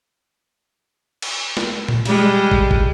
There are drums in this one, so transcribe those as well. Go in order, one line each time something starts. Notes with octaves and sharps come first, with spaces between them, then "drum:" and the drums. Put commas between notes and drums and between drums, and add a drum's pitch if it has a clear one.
drum: cymbal
drum: snare
drum: tom A#2
G3 G#3, drum: cymbal
drum: kick
drum: kick